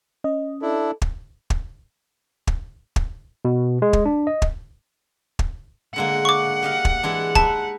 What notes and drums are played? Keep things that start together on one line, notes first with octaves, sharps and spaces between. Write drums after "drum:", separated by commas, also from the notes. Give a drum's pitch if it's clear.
C#4 D#5
D4 E4 A4
drum: kick
drum: kick
drum: kick
drum: kick
B2
G#3
drum: kick
D4
D#5
drum: kick
drum: kick
D3 G#3 A#3 F#5
C#6 D6
G4 D#5 F5
drum: kick
E3 G#3 D4
D#4 B4 E5 A5, drum: kick